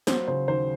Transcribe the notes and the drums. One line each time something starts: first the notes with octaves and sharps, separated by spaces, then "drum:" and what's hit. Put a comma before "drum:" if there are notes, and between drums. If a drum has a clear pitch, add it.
F#3 C5, drum: snare
C#3 C5
D#2 C5